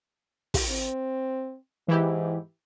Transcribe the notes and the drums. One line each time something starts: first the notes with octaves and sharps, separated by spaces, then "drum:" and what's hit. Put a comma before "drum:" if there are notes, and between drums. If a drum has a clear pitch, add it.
drum: kick, open hi-hat
C4
G#2 E3 E4 G4